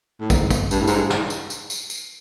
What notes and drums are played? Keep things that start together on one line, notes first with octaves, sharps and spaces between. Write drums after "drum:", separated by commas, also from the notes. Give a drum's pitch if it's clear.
A2
G#2, drum: kick, tambourine
drum: kick, tambourine
G2, drum: tambourine
A2
G#2, drum: tambourine
G2
drum: snare
drum: tambourine
drum: tambourine
drum: tambourine
drum: tambourine